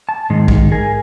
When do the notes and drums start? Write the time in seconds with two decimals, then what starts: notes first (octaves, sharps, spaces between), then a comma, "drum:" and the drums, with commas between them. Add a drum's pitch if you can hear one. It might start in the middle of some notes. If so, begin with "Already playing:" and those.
0.09 A5
0.30 G#2 D#3 G#3 D#4
0.48 drum: kick
0.71 G#4 A#4 G#5